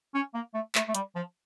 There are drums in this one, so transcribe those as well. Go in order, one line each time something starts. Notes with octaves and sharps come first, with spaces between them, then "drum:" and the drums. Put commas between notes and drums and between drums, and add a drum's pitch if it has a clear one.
C#4
A#3
A3
A3, drum: clap
A3
G3, drum: hi-hat
F3